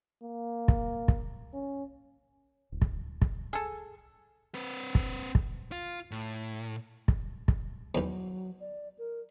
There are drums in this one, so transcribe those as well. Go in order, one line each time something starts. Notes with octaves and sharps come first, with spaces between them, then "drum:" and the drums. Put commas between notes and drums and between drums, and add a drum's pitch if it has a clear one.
A#3
drum: kick
drum: kick
C#4
D1
drum: kick
drum: kick
G#4 A4
C4 B4
drum: kick
drum: kick
F4
A2
drum: kick
drum: kick
B1 E2 F#3
D5
A#4